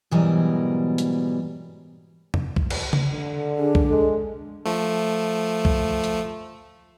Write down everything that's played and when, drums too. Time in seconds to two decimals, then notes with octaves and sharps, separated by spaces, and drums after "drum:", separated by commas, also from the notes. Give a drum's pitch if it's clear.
0.11 G#2 B2 E3 F#3 G3 A#4
0.98 drum: hi-hat
2.34 drum: tom F2
2.56 drum: kick B1
2.70 drum: cymbal
2.93 drum: tom C#3
3.12 D3
3.58 D4 G#4
3.75 drum: kick B1
3.90 G#3 A4
4.65 F3 A3
5.65 drum: kick B1
6.04 drum: hi-hat